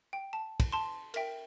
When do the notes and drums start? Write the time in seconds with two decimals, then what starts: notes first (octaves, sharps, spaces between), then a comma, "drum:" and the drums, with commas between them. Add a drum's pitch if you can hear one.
0.13 G5
0.33 A5
0.60 drum: kick, cymbal
0.72 A5 C6
1.14 A#4 E5 G5, drum: cymbal